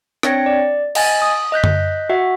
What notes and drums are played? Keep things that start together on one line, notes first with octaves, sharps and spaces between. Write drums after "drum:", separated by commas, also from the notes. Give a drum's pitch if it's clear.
C4 D4 C#5 G5 A#6 C#7, drum: rim click
D5
D#5 G#5 A6, drum: cymbal
D#6
D#5 F#6 G6 B6
drum: tom F#2
F#4 E5 F#5